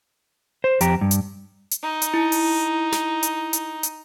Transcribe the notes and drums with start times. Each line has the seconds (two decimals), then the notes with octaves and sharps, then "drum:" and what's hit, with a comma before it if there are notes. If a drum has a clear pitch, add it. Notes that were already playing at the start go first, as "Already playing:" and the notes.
0.64 C5
0.81 F2 G4 A#5, drum: hi-hat
1.01 G2
1.11 drum: hi-hat
1.71 drum: hi-hat
1.83 D#4
2.02 drum: hi-hat
2.14 E4
2.32 drum: open hi-hat
2.92 drum: snare
3.23 drum: hi-hat
3.53 drum: hi-hat
3.83 drum: hi-hat